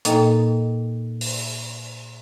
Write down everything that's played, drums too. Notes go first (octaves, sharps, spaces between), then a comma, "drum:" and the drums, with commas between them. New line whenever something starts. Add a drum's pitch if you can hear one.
A#2 A#3 D#4 A4 D#5 G5, drum: hi-hat
drum: open hi-hat